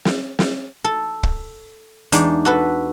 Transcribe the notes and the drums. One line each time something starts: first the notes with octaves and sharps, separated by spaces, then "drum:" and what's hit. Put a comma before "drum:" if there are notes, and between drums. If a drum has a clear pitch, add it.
drum: snare
drum: snare
A4
drum: kick
E2 G#3 D4 D#4, drum: hi-hat
F#4 A4 B4